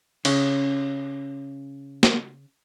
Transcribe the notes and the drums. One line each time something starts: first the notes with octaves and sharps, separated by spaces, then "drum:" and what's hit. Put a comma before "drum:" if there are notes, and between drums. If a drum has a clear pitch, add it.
C#3 C#4, drum: cymbal
drum: snare A#3